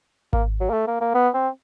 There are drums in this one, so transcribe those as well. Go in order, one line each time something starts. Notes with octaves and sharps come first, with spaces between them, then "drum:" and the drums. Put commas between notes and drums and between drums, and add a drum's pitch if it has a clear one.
A#3, drum: kick G#1
F#3
A#3
A3
A#3
A#3
B3
C4